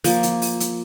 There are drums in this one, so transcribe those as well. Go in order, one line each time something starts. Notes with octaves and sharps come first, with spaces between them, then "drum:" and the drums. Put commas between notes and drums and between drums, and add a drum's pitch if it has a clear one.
F3 A#3, drum: open hi-hat
drum: hi-hat
drum: open hi-hat
drum: hi-hat